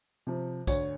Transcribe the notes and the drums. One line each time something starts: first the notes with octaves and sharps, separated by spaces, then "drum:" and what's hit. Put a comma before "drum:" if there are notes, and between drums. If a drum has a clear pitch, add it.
C3 F3
D2 C#5, drum: kick B1, tambourine